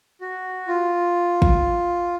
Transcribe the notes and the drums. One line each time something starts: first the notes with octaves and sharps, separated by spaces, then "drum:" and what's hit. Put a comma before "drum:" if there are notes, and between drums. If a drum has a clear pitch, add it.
F#4
F4
drum: kick